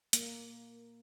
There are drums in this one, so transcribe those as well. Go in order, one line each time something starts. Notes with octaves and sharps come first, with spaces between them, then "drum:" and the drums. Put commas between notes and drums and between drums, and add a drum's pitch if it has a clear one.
A#3, drum: hi-hat